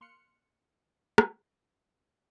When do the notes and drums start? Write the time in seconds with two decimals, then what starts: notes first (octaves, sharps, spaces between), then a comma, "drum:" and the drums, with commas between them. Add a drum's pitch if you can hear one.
0.01 A#3 C6 F6 F#6 C#7
1.18 drum: rim click